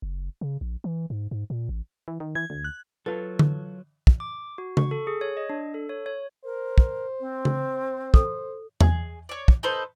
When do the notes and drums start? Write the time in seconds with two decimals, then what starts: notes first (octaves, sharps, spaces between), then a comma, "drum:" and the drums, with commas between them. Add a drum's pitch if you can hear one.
0.02 F#1
0.41 C#3
0.61 A#1
0.84 E3
1.10 G#2
1.31 G#2
1.50 A#2
1.69 A1
2.08 E3
2.20 D#3
2.35 E3 G#6
2.50 D2
2.64 F#6
3.06 F#3 F4 A4 B4
3.39 drum: tom D3
4.07 drum: kick
4.20 D6
4.58 F#4
4.77 C#6, drum: tom C#3
4.91 A4
5.07 G#4
5.21 C#5
5.37 D#5
5.49 D4
5.74 A4
5.89 C#5
6.06 C#5
6.45 A#4 C5
6.78 drum: kick
7.20 C4
7.45 drum: tom C#3
8.14 A4, drum: kick
8.81 G#4, drum: tom E2
9.29 C#5 D5
9.48 drum: kick
9.63 D#4 A4 B4 C5